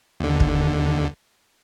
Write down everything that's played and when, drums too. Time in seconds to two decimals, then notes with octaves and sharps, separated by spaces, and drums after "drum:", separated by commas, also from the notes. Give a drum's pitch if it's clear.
0.20 D#2 D3
0.40 drum: kick